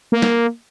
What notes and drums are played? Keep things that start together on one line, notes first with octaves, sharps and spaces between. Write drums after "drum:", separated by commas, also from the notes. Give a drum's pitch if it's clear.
A#3
drum: snare